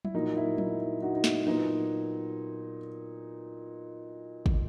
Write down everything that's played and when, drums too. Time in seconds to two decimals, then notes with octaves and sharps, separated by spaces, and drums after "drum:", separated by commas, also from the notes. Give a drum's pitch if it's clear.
0.05 E4, drum: tom F#3
0.14 A#2 F#3 A#3 D#4
0.37 E4
0.58 D#4, drum: tom F#3
0.81 E4
1.02 D#4 F#4
1.15 D#4
1.24 E4, drum: snare
1.46 A#2 F#3 B3 D#4
4.46 drum: kick